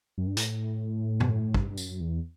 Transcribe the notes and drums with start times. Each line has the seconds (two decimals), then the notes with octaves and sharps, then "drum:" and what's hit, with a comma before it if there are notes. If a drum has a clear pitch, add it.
0.18 F#2
0.27 G2
0.37 A2, drum: hi-hat
1.20 B2, drum: tom G2
1.30 A2
1.54 G2, drum: kick
1.71 G2
1.77 F#2, drum: tambourine
2.00 E2